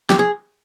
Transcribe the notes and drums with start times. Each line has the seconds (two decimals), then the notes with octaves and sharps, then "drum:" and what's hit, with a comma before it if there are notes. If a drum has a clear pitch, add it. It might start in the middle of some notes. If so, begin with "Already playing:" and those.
0.10 G4, drum: snare
0.19 G#4